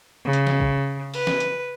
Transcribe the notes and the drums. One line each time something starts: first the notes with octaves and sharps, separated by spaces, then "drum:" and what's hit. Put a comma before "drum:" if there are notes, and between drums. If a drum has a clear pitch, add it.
C#3
drum: hi-hat
drum: snare
drum: kick
B4, drum: open hi-hat
drum: snare
drum: hi-hat